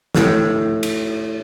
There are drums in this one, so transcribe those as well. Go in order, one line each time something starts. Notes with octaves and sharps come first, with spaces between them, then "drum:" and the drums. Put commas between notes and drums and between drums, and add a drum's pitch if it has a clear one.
A2, drum: snare
drum: cymbal